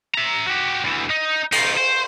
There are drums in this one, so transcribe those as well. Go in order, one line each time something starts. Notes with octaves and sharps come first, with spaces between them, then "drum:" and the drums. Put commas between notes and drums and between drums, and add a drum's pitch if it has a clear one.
E5 A#5
F#4 G4
D2 E3
D#4
D#4 F4, drum: cymbal
C5